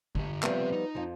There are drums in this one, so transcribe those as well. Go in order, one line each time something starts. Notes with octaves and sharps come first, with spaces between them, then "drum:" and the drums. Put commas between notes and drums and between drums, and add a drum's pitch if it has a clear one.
D3 G4, drum: kick G1
F3 G3 B3 C4 E5, drum: clap
D#4
F2 F3